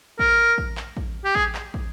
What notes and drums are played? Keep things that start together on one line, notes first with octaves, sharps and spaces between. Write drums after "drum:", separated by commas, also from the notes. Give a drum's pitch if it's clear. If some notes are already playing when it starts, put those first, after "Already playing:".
A#4, drum: kick
drum: kick
drum: clap
drum: kick
G4
G#4, drum: kick
drum: clap
drum: kick